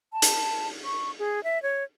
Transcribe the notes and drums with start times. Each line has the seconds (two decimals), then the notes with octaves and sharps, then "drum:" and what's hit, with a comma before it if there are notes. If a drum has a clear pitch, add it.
0.13 A5
0.22 drum: hi-hat
0.85 C#6
1.19 G#4
1.44 E5
1.63 C#5